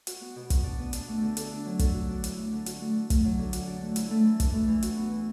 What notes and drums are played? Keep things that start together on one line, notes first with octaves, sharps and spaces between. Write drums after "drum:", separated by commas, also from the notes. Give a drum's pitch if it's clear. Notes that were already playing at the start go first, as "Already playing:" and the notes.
F#4, drum: hi-hat
B3
B2
F#4, drum: kick, hi-hat
D4
B3
D4, drum: hi-hat
A3
D3
A4, drum: hi-hat
D4
F#3
A4, drum: kick, hi-hat
F#4
D4
E4, drum: hi-hat
A3
D3
F#4, drum: hi-hat
A3
D3
A3, drum: kick, hi-hat
F#3
D3
F#4, drum: hi-hat
D4
A3
E4, drum: hi-hat
A3
E3
D4, drum: kick, hi-hat
A3
E3
F#4, drum: hi-hat
B3
E3